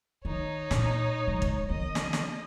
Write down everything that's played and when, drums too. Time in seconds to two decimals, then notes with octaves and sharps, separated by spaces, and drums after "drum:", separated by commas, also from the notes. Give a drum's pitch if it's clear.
0.25 D#3 D#4 C#5
0.71 A#2, drum: snare
1.27 F3 G#3
1.42 drum: kick
1.69 D#3 B3 D#5
1.95 drum: snare
2.13 drum: snare